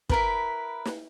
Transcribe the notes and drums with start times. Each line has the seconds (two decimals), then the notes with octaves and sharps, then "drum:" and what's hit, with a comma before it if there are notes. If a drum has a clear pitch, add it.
0.10 E4 A#4 B4, drum: kick
0.85 drum: snare